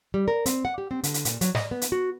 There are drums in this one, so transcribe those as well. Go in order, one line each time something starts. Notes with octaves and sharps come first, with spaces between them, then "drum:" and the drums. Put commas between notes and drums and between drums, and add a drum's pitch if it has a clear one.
G3
A#4
C4, drum: hi-hat
F#5
G4
C4
D3, drum: hi-hat
drum: hi-hat
A#2, drum: hi-hat
F#3, drum: hi-hat
D#5, drum: snare
B3
drum: hi-hat
F#4